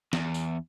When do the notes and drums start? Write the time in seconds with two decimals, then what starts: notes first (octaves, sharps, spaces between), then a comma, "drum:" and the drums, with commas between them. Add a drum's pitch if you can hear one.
0.13 E2, drum: snare
0.34 drum: tambourine